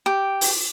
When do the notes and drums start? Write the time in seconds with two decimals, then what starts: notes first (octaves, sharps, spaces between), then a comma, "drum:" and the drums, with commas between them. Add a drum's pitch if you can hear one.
0.06 G4
0.41 drum: open hi-hat